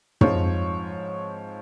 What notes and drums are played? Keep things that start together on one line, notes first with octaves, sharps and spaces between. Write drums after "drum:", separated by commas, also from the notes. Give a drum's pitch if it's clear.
G#2 F3 C4 C#5, drum: tom